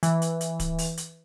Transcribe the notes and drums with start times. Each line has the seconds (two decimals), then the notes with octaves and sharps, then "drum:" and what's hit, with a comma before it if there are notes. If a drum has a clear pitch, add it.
0.03 E3, drum: hi-hat
0.22 drum: hi-hat
0.41 drum: hi-hat
0.60 drum: kick D1, hi-hat
0.78 drum: open hi-hat
0.97 drum: hi-hat